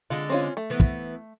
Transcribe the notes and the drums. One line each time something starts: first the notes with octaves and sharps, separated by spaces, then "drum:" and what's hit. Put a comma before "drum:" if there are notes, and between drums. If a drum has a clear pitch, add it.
D3 G#3 F4
C4 C#4 F4
A3
E3 B3
drum: kick